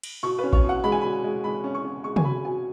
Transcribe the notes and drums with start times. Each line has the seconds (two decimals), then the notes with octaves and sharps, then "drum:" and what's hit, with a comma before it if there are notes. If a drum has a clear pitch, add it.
0.03 drum: cymbal
0.23 B2 C#6
0.39 B4
0.43 C#4
0.53 C#5, drum: kick A1
0.64 B2
0.69 F#5
0.84 G#3 B5
0.92 G#5
1.02 B2 B5
1.24 G#3
1.44 G#3 B5
1.64 C#4
1.74 C#6
1.84 C#4
2.04 G#3 C#6
2.16 G#5, drum: tom
2.24 B2 B5
2.45 B2 G#5